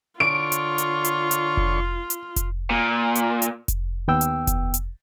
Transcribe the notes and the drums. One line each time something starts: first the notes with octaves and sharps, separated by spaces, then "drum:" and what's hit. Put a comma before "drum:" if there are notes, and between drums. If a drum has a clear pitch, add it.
D3 F4 C#5 C#6 D7
drum: hi-hat
drum: hi-hat
drum: hi-hat
drum: hi-hat
drum: kick F1
drum: hi-hat
drum: kick F1, hi-hat
A#2
drum: hi-hat
drum: hi-hat
drum: kick F1, hi-hat
D#2 B3 G5 E6
drum: hi-hat
drum: kick F1, hi-hat
drum: hi-hat